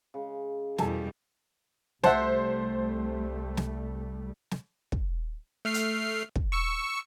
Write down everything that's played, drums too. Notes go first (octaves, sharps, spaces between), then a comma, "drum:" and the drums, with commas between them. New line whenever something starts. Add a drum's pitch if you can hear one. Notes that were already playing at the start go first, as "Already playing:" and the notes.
C#3 G#3
E2 B2 G3 A4 G#5 A5, drum: snare
C2 G3 A3 C5 E5 F#5 A5, drum: snare
drum: snare
drum: snare
drum: kick
A3 F6 C7
drum: hi-hat
drum: kick
C#6 E6 C#7